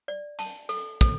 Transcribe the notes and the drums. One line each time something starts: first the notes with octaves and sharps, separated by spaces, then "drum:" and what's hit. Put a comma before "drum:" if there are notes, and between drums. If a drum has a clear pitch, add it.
D5
A5, drum: hi-hat
A4, drum: hi-hat
A4, drum: kick, hi-hat